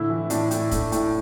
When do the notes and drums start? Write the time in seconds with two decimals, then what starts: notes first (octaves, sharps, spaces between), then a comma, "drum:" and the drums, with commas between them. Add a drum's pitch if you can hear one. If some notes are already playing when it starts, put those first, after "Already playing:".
Already playing: A2 D3 E4
0.10 E3
0.30 A2 D4, drum: hi-hat
0.51 A2, drum: hi-hat
0.71 A3, drum: kick, hi-hat
0.92 A2, drum: hi-hat